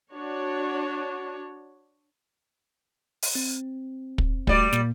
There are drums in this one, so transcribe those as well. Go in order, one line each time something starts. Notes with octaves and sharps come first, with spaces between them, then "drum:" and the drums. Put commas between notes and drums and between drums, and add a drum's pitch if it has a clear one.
D4 F#4 C#5
drum: open hi-hat
C4
drum: kick
G3 A3 F#4 D5, drum: kick
A#2 A#3, drum: snare